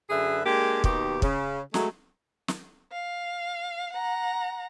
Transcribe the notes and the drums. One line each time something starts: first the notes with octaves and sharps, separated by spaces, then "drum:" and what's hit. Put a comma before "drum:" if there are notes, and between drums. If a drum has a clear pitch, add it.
F#2 D3 G#4 B4 E5
G#3 A#3 D4 G4
D#2 B2 D#3 G4, drum: kick
C#3, drum: kick
F#3 G#3 A3, drum: snare
drum: snare
F5
F#5 A#5